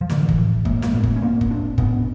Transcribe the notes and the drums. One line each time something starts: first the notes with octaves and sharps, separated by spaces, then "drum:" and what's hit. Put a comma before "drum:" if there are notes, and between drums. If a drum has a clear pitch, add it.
F3
A2 D3 E3, drum: snare
drum: kick
A2
A2 G#3 A#3, drum: kick
A#3, drum: snare
A2 A3 B3
drum: kick
C#4
A2 A#3 C4
drum: kick
A2 C4 D4
A2 B3 C#4, drum: kick